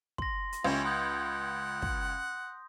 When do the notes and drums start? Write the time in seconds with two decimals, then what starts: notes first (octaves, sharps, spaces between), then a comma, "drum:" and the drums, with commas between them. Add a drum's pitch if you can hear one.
0.18 C6 A#6, drum: kick
0.52 drum: hi-hat
0.65 C#2 C#4 E4 G4
0.85 F#5 C6 D#6 G6
1.82 drum: kick